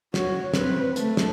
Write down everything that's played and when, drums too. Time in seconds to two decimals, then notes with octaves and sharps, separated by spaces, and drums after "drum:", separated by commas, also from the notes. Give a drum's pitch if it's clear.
0.14 F#4 C#5, drum: snare
0.54 C4 B4, drum: snare
0.96 A3, drum: hi-hat
1.17 drum: snare